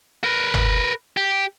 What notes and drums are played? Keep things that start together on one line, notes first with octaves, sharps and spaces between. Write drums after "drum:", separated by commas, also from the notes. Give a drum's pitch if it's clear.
A#4 B4
drum: tom G1
G4